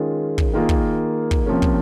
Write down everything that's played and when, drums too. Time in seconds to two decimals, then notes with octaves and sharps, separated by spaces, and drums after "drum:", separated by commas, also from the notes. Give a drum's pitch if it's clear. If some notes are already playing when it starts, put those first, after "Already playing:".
Already playing: D#3 G#3 C#4 F4 G#4
0.38 drum: kick
0.53 D#3 A#3 F4 G#4
0.69 drum: kick
1.31 drum: kick
1.46 C3 F3 A#3 C#4
1.62 drum: kick